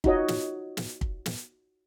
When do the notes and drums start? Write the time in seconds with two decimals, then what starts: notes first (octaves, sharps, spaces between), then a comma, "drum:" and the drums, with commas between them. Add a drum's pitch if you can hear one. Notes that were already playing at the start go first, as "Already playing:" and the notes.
0.04 D#4 F4 F#4 C#5 D#5, drum: kick
0.28 drum: snare
0.77 drum: snare
1.01 drum: kick
1.26 drum: snare